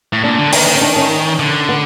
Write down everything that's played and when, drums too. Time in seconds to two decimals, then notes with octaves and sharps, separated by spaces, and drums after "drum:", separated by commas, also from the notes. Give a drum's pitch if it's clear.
0.13 A2
0.23 A#2 D4
0.39 D3
0.53 D#3, drum: open hi-hat
0.67 D#3
0.75 C#4
0.81 D4
0.96 C#4
1.39 D3
1.69 B3